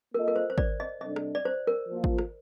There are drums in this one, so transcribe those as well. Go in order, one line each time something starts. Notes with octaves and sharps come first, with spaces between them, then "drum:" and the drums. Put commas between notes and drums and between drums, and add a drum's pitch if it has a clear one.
A#3 F4 A4 A#4 D#5
A#4
C5
C5
D5, drum: kick G#1
D#5
C3 G3 D4 A4 D#5
drum: rim click
D5
C5
A#4
F3 A#3 F4
drum: kick G#1
drum: rim click